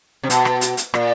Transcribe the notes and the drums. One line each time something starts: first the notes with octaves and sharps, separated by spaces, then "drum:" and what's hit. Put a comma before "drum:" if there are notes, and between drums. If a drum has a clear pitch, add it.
C3
B2, drum: hi-hat
drum: rim click
drum: hi-hat
drum: hi-hat
A#2, drum: rim click